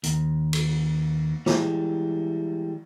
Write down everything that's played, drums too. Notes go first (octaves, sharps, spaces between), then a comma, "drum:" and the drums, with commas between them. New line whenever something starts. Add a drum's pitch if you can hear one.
D#2, drum: hi-hat
drum: cymbal
E3 G3 G#3, drum: snare